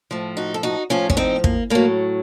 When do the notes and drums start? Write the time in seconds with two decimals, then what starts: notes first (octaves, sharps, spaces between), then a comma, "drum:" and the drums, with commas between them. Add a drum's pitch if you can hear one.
0.11 A2 F3
0.37 D#4 F#4
0.54 A4
0.63 D#4 F#4
0.90 A2 F3 C#4 F4
1.10 C#4, drum: kick
1.17 C4 D#4
1.44 A#3, drum: kick
1.70 A2 F#3 A#3